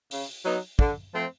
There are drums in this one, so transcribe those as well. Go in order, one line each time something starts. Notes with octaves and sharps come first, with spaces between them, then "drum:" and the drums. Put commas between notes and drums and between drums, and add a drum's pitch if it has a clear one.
C#3, drum: open hi-hat
F#3 B3 D#4
D3, drum: kick
F3 A3 C4